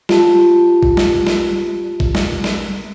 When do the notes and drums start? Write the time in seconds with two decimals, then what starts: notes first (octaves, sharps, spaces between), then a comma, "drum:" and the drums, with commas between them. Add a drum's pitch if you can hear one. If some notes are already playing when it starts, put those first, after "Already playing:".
0.09 F4 G4 A5, drum: snare
0.83 drum: kick G#1
0.97 drum: snare
1.27 drum: snare
2.00 drum: kick G#1
2.15 drum: snare
2.44 drum: snare